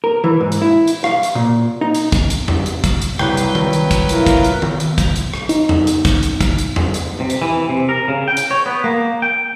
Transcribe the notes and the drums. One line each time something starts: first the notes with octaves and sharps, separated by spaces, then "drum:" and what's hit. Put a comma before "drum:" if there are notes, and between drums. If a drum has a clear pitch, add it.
A#4
E3
G#2
drum: hi-hat
E4
drum: hi-hat
F5, drum: rim click
drum: hi-hat
A#2
D#4
drum: hi-hat
drum: kick, hi-hat
drum: hi-hat
drum: tom E2
drum: hi-hat
drum: kick, hi-hat
drum: hi-hat
C2 F#3 B4 G5, drum: rim click
drum: hi-hat
drum: tom D#3
drum: hi-hat
drum: kick, hi-hat
E4 F4 A#4, drum: hi-hat
drum: kick, hi-hat
drum: hi-hat
drum: tom D#3
drum: hi-hat
drum: kick, hi-hat
drum: hi-hat
drum: rim click
D#4, drum: hi-hat
drum: tom E2
drum: hi-hat
drum: kick, hi-hat
drum: hi-hat
drum: kick, hi-hat
drum: hi-hat
drum: tom E2
drum: hi-hat
C3
drum: hi-hat
E3
C3
A#4
C#3
G5
drum: hi-hat
C#5
B3
A#3
G5